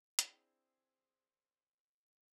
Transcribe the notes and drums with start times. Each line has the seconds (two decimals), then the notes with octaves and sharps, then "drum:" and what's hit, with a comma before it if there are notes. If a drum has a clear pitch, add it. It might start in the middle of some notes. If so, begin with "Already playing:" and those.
0.19 C4 D4 E4 G#4, drum: hi-hat